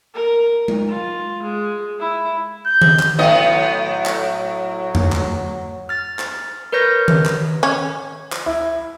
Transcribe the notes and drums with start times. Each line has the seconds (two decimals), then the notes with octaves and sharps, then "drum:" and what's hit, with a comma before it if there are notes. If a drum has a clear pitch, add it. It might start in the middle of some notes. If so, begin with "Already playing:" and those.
0.14 A#4
0.68 drum: tom G#3
0.89 F4
1.43 G#3
2.00 E4
2.66 G6
2.82 drum: tom D#3
2.99 drum: clap
3.19 A2 F#3 B3 D#5
4.06 drum: clap
4.95 drum: tom F2
5.12 drum: clap
5.89 F6 A6
6.19 drum: clap
6.72 A#4 B4 C#5 G6 A#6
7.08 drum: tom D#3
7.26 drum: clap
7.63 C#4
8.32 drum: clap
8.46 E4